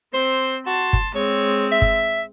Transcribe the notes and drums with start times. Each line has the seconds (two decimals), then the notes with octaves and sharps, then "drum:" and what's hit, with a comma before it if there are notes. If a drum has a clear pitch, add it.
0.14 C4 C5
0.67 F#4 A5 C6
0.93 drum: kick G1
1.15 G#3 C4 C#5
1.72 E5
1.82 drum: kick G1